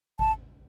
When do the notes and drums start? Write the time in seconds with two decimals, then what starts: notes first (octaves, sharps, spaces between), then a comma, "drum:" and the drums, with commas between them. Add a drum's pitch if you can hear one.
0.19 A5, drum: kick G#1